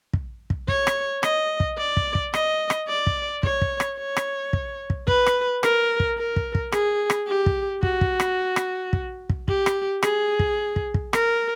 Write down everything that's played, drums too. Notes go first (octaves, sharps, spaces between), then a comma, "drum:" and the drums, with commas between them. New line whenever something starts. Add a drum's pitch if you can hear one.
drum: kick
drum: kick
C#5, drum: kick
drum: rim click
D#5, drum: rim click
drum: kick
D5
drum: kick
drum: kick
D#5, drum: rim click
drum: rim click
D5
drum: kick
C#5, drum: kick
drum: kick
drum: rim click
C#5
drum: rim click
drum: kick
drum: kick
B4, drum: kick
drum: rim click
A#4, drum: rim click
drum: kick
A#4
drum: kick
drum: kick
G#4, drum: rim click
drum: rim click
G4
drum: kick
F#4, drum: kick
drum: kick
drum: rim click
drum: rim click
drum: kick
drum: kick
G4, drum: kick
drum: rim click
G#4, drum: rim click
drum: kick
drum: kick
drum: kick
A#4, drum: rim click